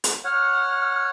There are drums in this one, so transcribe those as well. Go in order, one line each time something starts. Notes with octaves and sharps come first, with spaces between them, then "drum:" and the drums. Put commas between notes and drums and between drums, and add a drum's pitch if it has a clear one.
drum: hi-hat
C#5 F#5 F6